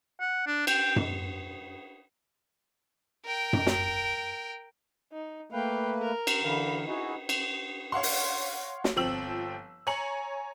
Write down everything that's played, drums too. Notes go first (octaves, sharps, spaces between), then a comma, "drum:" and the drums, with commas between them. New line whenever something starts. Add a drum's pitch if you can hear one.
F#5
D4
G5, drum: cymbal
drum: tom F#2
A#4 G5
drum: tom F#2
drum: snare
D#4
A3 A#3 B4 F5 G5
A#4
drum: cymbal
D3 E3 A#4 F5 B5
D#4 E4 F#4 G#4
drum: cymbal
C#5 F5 F#5 C6
drum: open hi-hat
drum: snare
G1 F3 C4 E6 F#7
C#5 G#5 A#5 C#7 F#7